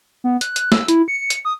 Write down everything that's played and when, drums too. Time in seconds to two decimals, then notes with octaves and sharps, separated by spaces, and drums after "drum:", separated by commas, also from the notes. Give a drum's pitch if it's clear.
0.24 B3
0.41 F#6, drum: hi-hat
0.56 drum: hi-hat
0.72 E6, drum: snare
0.88 E4, drum: hi-hat
1.08 C#7
1.30 drum: hi-hat
1.45 D#6